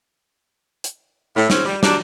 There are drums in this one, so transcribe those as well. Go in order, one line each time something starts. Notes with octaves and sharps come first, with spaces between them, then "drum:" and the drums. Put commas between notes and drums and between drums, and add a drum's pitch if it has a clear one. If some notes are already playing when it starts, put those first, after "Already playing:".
drum: hi-hat
A2
G#2 C4 C#4, drum: snare
G3
F#3 G3 D4, drum: snare